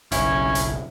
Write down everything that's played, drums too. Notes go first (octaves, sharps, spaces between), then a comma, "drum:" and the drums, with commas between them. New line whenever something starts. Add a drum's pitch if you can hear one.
F#1 B1 C#4 E4, drum: hi-hat
drum: hi-hat